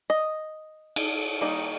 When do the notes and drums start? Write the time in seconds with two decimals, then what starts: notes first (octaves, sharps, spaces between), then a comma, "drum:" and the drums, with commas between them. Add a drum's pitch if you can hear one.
0.10 D#5
0.96 drum: cymbal
1.41 D#3 G3 A#3 D#4